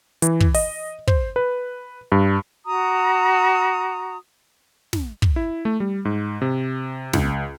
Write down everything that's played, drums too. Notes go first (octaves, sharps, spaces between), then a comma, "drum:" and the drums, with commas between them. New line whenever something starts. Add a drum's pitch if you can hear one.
E3, drum: hi-hat
drum: kick
D#5, drum: open hi-hat
C5, drum: kick
B4
G2
F#4 A#5 D#6
drum: snare
drum: kick
E4
A3
G3
G#2
C3
C#2, drum: snare